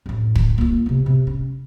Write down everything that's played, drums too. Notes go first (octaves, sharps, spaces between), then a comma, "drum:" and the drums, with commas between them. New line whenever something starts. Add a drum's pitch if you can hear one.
A1 F2
drum: kick
A#3 F4
C3 B3
C3
C#4